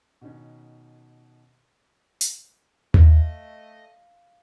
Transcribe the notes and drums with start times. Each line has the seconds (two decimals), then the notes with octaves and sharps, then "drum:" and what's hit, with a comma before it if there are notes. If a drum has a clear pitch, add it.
0.21 B2 D#3 C#4
2.21 drum: hi-hat
2.94 A3 D#5 F5, drum: tom D#2